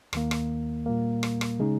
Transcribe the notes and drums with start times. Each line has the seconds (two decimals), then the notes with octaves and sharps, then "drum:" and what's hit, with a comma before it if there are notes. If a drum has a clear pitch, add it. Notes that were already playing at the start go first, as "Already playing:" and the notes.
0.13 D#2 D#3 A#3, drum: rim click
0.31 drum: rim click
0.86 A#2 G3 A#3
1.23 drum: rim click
1.41 drum: rim click
1.60 C#3 G#3 D#4